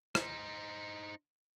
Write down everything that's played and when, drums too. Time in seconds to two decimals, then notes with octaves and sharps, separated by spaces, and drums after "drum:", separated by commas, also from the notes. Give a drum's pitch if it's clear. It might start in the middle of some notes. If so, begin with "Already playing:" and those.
0.15 D#4 C5, drum: rim click